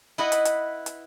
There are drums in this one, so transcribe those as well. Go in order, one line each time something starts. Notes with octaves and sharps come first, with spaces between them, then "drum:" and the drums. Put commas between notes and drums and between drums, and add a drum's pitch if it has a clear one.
E4 B4 D#5 F#5 B5
drum: hi-hat
drum: hi-hat
drum: hi-hat